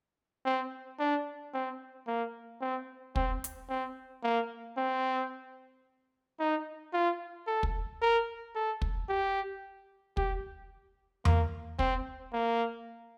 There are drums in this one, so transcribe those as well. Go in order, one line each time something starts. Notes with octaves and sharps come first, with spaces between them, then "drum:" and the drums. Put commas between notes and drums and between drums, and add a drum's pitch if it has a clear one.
C4
D4
C4
A#3
C4
C4, drum: kick
drum: hi-hat
C4
A#3
C4
D#4
F4
A4
drum: kick
A#4
A4
drum: kick
G4
G4, drum: kick
A#3, drum: tom E2
C4, drum: kick
A#3